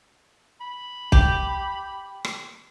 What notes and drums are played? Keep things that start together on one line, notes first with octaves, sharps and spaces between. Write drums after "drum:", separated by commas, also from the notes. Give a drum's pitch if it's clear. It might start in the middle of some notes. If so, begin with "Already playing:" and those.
B5
G4, drum: kick
drum: rim click